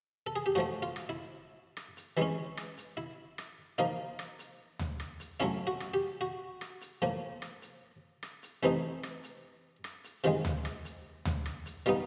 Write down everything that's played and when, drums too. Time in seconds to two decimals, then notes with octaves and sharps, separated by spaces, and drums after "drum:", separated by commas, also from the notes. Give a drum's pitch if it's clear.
0.27 A4
0.36 G#4
0.46 G4
0.55 A2 F3 A3 F#4
0.82 F4
0.96 drum: rim click
1.09 E4
1.77 drum: rim click
1.97 drum: hi-hat
2.17 E3 G#3 C#4 E4
2.57 drum: rim click
2.78 drum: hi-hat
2.97 E4
3.38 drum: rim click
3.78 F3 A#3 D#4 F4
4.19 drum: rim click
4.39 drum: hi-hat
4.79 drum: tom D2
5.00 drum: rim click
5.20 drum: hi-hat
5.40 F#3 A3 C#4 E4 F4
5.67 F#4
5.80 drum: rim click
5.94 G4
6.21 F#4
6.61 drum: rim click
6.81 drum: hi-hat
7.02 A2 F3 A#3
7.42 drum: rim click
7.62 drum: hi-hat
8.23 drum: rim click
8.43 drum: hi-hat
8.63 C3 E3 A3 C4 D#4 E4
9.03 drum: rim click
9.23 drum: hi-hat
9.84 drum: rim click
10.04 drum: hi-hat
10.24 C3 D#3 G#3 F4
10.45 drum: tom D2
10.65 drum: rim click
10.85 drum: hi-hat
11.25 drum: tom D2
11.46 drum: rim click
11.66 drum: hi-hat
11.86 A#2 G3 B3 D#4 F4